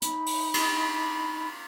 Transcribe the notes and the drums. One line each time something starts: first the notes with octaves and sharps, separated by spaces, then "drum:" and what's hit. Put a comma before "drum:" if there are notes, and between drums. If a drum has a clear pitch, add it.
D#4 B5, drum: hi-hat
drum: open hi-hat
drum: cymbal